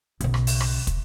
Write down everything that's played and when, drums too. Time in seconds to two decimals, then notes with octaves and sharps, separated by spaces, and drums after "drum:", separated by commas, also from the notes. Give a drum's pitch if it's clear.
0.21 B1 C#3, drum: hi-hat
0.34 drum: rim click
0.47 drum: open hi-hat
0.60 drum: rim click
0.87 drum: kick, hi-hat